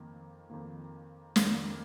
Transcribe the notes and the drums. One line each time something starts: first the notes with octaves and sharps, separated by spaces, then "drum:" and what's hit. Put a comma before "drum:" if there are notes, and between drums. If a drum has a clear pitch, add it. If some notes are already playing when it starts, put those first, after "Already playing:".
Already playing: F2 D#3 A#3
F2 D#3 A#3
F2 D#3 A#3, drum: snare